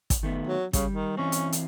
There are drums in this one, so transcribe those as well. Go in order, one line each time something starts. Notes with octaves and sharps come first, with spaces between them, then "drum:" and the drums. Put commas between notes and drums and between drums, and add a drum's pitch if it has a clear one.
drum: kick, hi-hat
D#3 A3 B3
F#3
C#3 G3, drum: kick, hi-hat
D#3
E3 C4 C#4
drum: hi-hat
drum: hi-hat